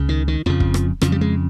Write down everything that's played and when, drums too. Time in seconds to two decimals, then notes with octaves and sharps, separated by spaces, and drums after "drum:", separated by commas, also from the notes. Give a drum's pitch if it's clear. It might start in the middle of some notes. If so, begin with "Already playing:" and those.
Already playing: C#2 C#3
0.09 D#3
0.28 D#3
0.46 F2 C#3 F3
0.60 drum: kick
0.74 drum: rim click
1.01 F2 C#3 F3, drum: rim click
1.12 G3
1.21 G#3